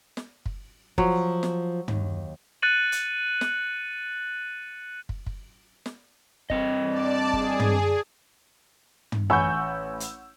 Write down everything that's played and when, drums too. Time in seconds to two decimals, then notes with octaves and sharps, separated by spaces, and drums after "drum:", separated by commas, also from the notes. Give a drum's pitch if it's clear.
0.17 drum: snare
0.46 drum: kick
0.98 F3 F#3, drum: kick
1.43 drum: snare
1.88 D#2, drum: tom
2.62 F#6 A6 C#7 D#7 F#7
2.92 drum: hi-hat
3.41 drum: snare
5.09 drum: kick
5.26 drum: kick
5.86 drum: snare
6.50 G2 C4 D#5, drum: kick
6.88 D5 A5
7.33 G#4, drum: kick
7.60 drum: tom
9.12 drum: tom
9.30 A1 F#5 G#5 B5 C#6 E6 G6
10.00 drum: hi-hat